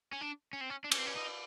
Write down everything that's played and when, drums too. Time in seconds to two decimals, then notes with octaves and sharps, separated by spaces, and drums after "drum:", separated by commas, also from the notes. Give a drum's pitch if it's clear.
0.13 C#4
0.21 D4
0.53 C#4
0.61 C4
0.70 C#4
0.84 D4
0.92 C#4, drum: cymbal
0.98 C4
1.06 C#4
1.16 D#4